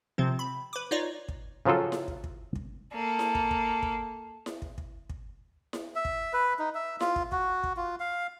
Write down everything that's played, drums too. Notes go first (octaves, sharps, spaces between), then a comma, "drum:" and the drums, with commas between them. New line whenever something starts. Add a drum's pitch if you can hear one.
C3 F3 C4
B5
B4 D6
D#4 F4 C#5 D5
drum: kick
C#3 F3 F#3 F4 A4
drum: snare E4
drum: kick
drum: kick
drum: kick
A#3 A4
drum: snare E4
drum: kick
drum: kick
drum: kick
drum: snare E4
drum: kick
drum: kick
drum: kick
drum: snare E4
E5
drum: kick
B4
D#4
E5
F4, drum: snare E4
drum: kick
F#4, drum: kick
drum: kick
F4
F5